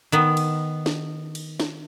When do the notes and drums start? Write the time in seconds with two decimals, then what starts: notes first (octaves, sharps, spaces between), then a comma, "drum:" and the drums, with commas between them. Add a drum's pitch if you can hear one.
0.12 D#3 B3
0.37 drum: cymbal
0.86 drum: snare
1.35 drum: cymbal
1.60 drum: snare